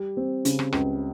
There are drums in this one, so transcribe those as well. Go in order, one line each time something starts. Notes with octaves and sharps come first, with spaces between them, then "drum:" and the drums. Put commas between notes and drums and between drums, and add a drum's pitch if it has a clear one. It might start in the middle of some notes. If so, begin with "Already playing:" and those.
Already playing: G3
C4
C#3, drum: hi-hat
drum: rim click
C#2, drum: rim click